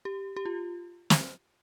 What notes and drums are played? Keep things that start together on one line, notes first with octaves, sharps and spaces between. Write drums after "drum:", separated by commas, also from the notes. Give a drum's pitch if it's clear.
G4
G4
F4
drum: snare